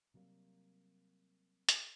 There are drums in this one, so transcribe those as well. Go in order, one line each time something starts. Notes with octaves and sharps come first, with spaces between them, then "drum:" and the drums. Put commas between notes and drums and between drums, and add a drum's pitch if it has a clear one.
C3 F#3 G3 A#3
drum: hi-hat